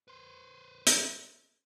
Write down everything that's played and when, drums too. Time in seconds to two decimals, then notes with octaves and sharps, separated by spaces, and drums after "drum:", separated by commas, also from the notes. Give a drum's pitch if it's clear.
0.08 B4 C5
0.87 drum: hi-hat